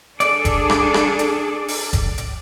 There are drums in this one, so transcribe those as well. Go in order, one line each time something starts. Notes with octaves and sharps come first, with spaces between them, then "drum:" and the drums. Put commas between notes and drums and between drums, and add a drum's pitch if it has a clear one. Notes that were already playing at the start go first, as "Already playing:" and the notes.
D4 G#4 A4 D5, drum: hi-hat
drum: kick F1, hi-hat
drum: rim click
drum: rim click
drum: hi-hat
drum: open hi-hat
drum: kick F1, hi-hat
drum: hi-hat